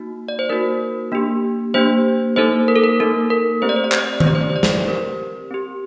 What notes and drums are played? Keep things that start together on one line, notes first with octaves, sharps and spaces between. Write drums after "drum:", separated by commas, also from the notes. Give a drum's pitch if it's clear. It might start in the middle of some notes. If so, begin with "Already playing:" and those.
Already playing: A#3 D#4 F#4
D5
C5
A#3 D#4 F#4 A#4
A#3 D4 G4
A#3 D4 G4 C5
A#3 D#4 A4 C5
A#4
A4
A#4
A#3 D#4 A4
A#4
A3 C4 G4 C5
D5
C5
D5
C5, drum: clap
D5
C5
D5
C5, drum: tom D#3
A3 C4 G4 D5
C5
D5
C5
D5
C5, drum: snare
C4 G4 A#4
C4 G4